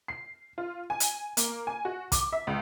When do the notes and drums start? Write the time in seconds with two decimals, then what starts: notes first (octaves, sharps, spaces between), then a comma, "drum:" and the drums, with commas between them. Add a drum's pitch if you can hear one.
0.08 C7
0.58 F4
0.90 G#5
1.00 drum: hi-hat
1.37 A#3, drum: hi-hat
1.67 G#5
1.85 F#4
2.12 D6, drum: kick, hi-hat
2.32 E5
2.47 C#2